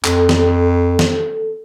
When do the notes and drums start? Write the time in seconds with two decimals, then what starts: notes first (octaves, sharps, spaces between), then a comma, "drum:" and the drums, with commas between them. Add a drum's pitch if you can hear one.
0.04 F2 A4, drum: clap
0.29 drum: snare
0.99 drum: snare